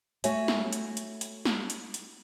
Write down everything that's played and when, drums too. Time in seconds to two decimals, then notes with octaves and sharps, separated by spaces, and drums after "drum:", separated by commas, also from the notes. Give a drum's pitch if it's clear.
0.24 A3 F#4 C#5 E5 G#5, drum: hi-hat
0.48 drum: snare
0.73 drum: hi-hat
0.97 drum: hi-hat
1.21 drum: hi-hat
1.45 drum: snare
1.70 drum: hi-hat
1.94 drum: hi-hat